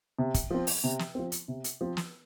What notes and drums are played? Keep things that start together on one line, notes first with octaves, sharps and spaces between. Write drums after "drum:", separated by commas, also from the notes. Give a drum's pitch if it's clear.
C3
drum: kick, hi-hat
F3 C4
drum: open hi-hat
C3
drum: snare
F3 C4
drum: hi-hat
C3
drum: hi-hat
F3 C4
drum: snare